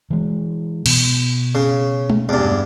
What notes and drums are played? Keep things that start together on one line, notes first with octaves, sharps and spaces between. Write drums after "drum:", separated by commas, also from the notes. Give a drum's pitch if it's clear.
E3 G#3
B2, drum: cymbal
C#3
drum: tom
E2 G2